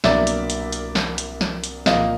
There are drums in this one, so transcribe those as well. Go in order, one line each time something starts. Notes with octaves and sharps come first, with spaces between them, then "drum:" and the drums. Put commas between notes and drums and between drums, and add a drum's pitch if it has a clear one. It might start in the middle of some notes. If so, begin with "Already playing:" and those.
C2 B2 F#3 A#3 D4 D5 E5, drum: snare
drum: hi-hat
drum: hi-hat
drum: hi-hat
drum: snare
drum: hi-hat
drum: snare
drum: hi-hat
C2 A#2 F3 A#3 D#5 F5, drum: snare